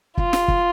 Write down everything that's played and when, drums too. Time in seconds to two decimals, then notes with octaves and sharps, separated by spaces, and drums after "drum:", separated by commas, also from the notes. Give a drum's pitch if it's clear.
0.18 F4, drum: kick
0.33 drum: snare
0.48 drum: kick